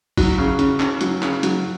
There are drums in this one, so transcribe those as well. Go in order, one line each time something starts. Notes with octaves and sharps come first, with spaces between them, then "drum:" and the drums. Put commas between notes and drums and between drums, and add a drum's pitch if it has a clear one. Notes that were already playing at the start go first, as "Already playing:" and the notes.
F#3, drum: kick, open hi-hat
C#3
C#3, drum: hi-hat
C#4, drum: clap
F#3, drum: hi-hat
C#3, drum: clap
F#3, drum: hi-hat